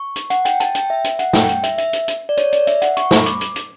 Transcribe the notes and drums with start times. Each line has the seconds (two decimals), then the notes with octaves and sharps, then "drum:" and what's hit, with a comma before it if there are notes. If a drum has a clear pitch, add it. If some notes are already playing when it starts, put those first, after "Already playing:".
Already playing: C#6
0.16 drum: hi-hat
0.30 F#5, drum: hi-hat
0.45 G5, drum: hi-hat
0.60 A5, drum: hi-hat
0.75 G5, drum: hi-hat
0.90 E5
1.04 drum: hi-hat
1.19 F#5, drum: hi-hat
1.33 G5, drum: snare
1.49 drum: hi-hat
1.64 E5, drum: hi-hat
1.78 E5, drum: hi-hat
1.93 drum: hi-hat
2.08 drum: hi-hat
2.29 D5
2.37 C#5, drum: hi-hat
2.53 D5, drum: hi-hat
2.67 E5, drum: hi-hat
2.82 F#5, drum: hi-hat
2.97 C#6, drum: hi-hat
3.11 B5, drum: snare
3.26 D6, drum: hi-hat
3.41 drum: hi-hat
3.56 drum: hi-hat